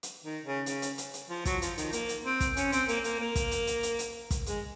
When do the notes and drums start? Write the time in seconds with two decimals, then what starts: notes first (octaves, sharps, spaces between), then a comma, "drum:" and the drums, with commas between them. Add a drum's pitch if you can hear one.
0.03 drum: hi-hat
0.24 D#3
0.45 C#3
0.66 C#3, drum: hi-hat
0.82 drum: hi-hat
0.98 drum: hi-hat
1.14 drum: hi-hat
1.30 F3
1.45 F#3, drum: kick, hi-hat
1.62 F3, drum: hi-hat
1.78 D#3, drum: hi-hat
1.92 A#3, drum: hi-hat
2.09 drum: hi-hat
2.25 C4
2.40 drum: kick, hi-hat
2.57 C#4, drum: hi-hat
2.72 C4, drum: hi-hat
2.88 A#3, drum: hi-hat
3.04 A#3, drum: hi-hat
3.19 A#3
3.35 drum: kick, hi-hat
3.51 drum: hi-hat
3.67 drum: hi-hat
3.83 drum: hi-hat
3.99 drum: hi-hat
4.31 drum: kick, hi-hat
4.46 G#3, drum: hi-hat